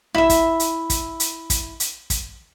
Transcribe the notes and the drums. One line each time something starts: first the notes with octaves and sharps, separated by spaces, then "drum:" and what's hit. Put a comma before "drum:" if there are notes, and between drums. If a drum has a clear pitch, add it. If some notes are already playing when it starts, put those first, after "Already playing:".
E4 E5, drum: tom
drum: kick, hi-hat
drum: hi-hat
drum: kick, hi-hat
drum: hi-hat
drum: kick, hi-hat
drum: hi-hat
drum: kick, hi-hat